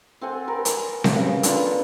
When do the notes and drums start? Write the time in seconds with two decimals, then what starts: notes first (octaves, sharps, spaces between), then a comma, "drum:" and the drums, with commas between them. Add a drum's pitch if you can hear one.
0.21 C4 A4 F#5 G#5
0.47 A#4 B4
0.65 drum: hi-hat
1.04 drum: snare C4
1.15 C#3
1.43 D3 B3 F4, drum: hi-hat